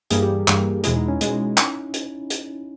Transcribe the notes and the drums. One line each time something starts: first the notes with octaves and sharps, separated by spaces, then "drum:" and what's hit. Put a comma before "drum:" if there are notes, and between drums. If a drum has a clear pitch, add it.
G2 E3 G3 A#3 G#4, drum: hi-hat
G4
G2 E3 G3 A#3, drum: clap
E2 B2 G#3 E4, drum: hi-hat
D#4
C#4
B2 G#3, drum: hi-hat
drum: clap
drum: hi-hat
drum: hi-hat